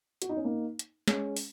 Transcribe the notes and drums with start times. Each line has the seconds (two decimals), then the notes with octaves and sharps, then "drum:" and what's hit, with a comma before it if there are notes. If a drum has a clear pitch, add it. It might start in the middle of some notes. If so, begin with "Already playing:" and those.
0.22 F#4, drum: hi-hat
0.29 D#4
0.37 C#4
0.44 A#3 D#4
0.79 drum: hi-hat
1.08 G#3 C#4, drum: snare
1.37 drum: open hi-hat